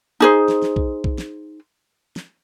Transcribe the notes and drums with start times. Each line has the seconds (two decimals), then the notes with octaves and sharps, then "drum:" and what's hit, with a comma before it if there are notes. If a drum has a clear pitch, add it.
0.20 D#4 G#4 C5
0.48 drum: snare
0.62 drum: snare
0.76 drum: kick
1.04 drum: kick
1.18 drum: snare
2.16 drum: snare